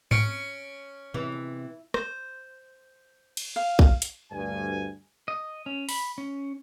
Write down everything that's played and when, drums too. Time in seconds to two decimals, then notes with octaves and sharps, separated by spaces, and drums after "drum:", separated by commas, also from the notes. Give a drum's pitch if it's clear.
0.11 C#4 C#7 D7, drum: tom G#2
1.14 C3 E3 G#3 B3
1.94 C5, drum: rim click
3.37 drum: cymbal
3.56 F5
3.79 drum: kick
4.02 drum: hi-hat
4.31 D2 G2 G#5
5.28 D#5
5.66 C#4
5.89 B5, drum: open hi-hat
6.18 C#4